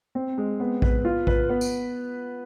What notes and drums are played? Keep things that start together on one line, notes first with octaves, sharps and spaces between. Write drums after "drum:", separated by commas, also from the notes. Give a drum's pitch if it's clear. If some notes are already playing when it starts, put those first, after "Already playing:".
C4
G#3
B3
B4, drum: kick A#1
F4
B4, drum: kick A#1
B3
drum: tambourine